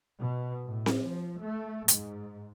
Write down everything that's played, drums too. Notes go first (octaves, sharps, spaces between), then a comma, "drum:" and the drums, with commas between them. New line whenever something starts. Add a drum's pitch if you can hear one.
B2
A2
drum: snare C4
F3
A3
G#2, drum: hi-hat